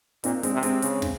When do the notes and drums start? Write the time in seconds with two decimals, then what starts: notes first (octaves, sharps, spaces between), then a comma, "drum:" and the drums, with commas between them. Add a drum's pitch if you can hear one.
0.24 A#2 C4 D#4, drum: hi-hat
0.43 G#3 C4, drum: hi-hat
0.53 C3
0.63 G#3 C4, drum: hi-hat
0.82 C#3, drum: hi-hat
1.02 drum: snare